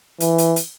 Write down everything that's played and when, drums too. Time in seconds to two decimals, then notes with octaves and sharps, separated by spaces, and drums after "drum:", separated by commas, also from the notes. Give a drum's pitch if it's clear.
0.20 E3, drum: hi-hat
0.38 drum: hi-hat
0.56 drum: hi-hat